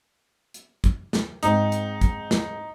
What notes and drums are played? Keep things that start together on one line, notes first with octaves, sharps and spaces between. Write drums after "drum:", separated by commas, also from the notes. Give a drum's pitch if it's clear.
drum: hi-hat
drum: kick, hi-hat
drum: snare
G#2 C4 D#4, drum: hi-hat
drum: hi-hat
drum: kick, hi-hat
drum: snare